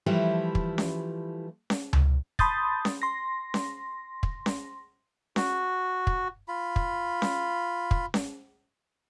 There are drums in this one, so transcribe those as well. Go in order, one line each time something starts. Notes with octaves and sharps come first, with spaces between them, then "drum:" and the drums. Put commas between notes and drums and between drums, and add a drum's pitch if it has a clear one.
E3 F3 G3 A3 E4 F4
drum: kick
drum: snare C#4
drum: snare C#4
drum: tom C#2
A5 B5 C6 D#6 G6 A6, drum: kick
drum: snare C#4
C6 A#6
drum: snare C#4
drum: kick
drum: snare C#4
F#4, drum: snare C#4
drum: kick
F4 B5
drum: kick
drum: snare C#4
drum: kick
drum: snare C#4